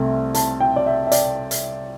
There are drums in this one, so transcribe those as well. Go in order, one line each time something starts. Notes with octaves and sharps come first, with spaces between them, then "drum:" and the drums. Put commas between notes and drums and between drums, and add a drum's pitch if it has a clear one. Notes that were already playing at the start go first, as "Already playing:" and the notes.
Already playing: C2 C3 A3 C4
A5, drum: hi-hat
G5
D5
E5
E5
D5, drum: hi-hat
drum: hi-hat